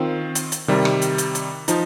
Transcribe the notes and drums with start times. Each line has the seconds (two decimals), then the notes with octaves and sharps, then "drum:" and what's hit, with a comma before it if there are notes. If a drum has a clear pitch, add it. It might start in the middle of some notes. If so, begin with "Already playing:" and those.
Already playing: D#3 C4 F4
0.35 drum: hi-hat
0.52 drum: hi-hat
0.68 C3 D#3 G3
0.85 drum: rim click
1.02 drum: hi-hat
1.18 drum: hi-hat
1.35 drum: hi-hat
1.68 F3 D#4, drum: hi-hat